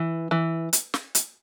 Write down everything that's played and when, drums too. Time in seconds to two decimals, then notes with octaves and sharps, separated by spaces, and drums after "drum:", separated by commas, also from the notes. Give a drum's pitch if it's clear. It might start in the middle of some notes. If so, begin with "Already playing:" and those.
Already playing: E3
0.31 E3
0.73 drum: hi-hat
0.94 drum: snare
1.15 drum: hi-hat